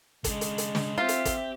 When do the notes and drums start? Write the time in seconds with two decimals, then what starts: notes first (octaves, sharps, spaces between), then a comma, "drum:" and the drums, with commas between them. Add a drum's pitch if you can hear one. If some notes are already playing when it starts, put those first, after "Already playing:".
0.24 C#3 G#3 D4, drum: kick, hi-hat
0.41 drum: hi-hat
0.58 drum: hi-hat
0.75 drum: snare
0.98 C4 F4 G4 E5
1.09 drum: hi-hat
1.25 drum: kick, hi-hat